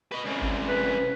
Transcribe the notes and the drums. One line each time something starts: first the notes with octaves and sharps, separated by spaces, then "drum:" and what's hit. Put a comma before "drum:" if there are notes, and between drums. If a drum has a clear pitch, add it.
B4 D#5
C2 C#3
drum: kick G1
B4